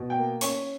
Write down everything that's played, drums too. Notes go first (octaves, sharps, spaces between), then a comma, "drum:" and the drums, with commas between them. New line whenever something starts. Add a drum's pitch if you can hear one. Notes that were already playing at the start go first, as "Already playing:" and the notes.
Already playing: B2
G5
A#3
C#4 C#6, drum: hi-hat